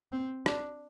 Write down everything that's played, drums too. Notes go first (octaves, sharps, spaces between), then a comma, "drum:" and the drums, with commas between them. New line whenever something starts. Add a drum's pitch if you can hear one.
C4
D4, drum: rim click